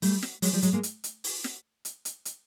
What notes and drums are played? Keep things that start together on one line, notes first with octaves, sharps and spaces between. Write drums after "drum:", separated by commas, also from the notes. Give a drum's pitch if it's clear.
G3 A3, drum: open hi-hat
drum: snare
F#3 G#3, drum: open hi-hat
F3 G3
F#3 G#3, drum: hi-hat
G#3 A#3
drum: hi-hat
drum: hi-hat
drum: open hi-hat
drum: snare
drum: hi-hat
drum: hi-hat
drum: hi-hat